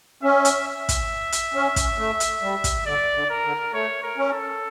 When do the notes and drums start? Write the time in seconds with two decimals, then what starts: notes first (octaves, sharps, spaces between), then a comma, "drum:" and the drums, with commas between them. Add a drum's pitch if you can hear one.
0.22 C#4 E5
0.45 drum: hi-hat
0.67 E5
0.89 drum: kick, hi-hat
1.32 drum: hi-hat
1.54 C#4
1.76 drum: kick, hi-hat
1.98 A3
2.20 drum: hi-hat
2.42 G3
2.64 drum: kick, hi-hat
2.86 D3 D5
3.15 D3
3.30 A#4
3.44 D3
3.73 A3 C#5
4.03 A#4
4.18 C#4
4.32 A4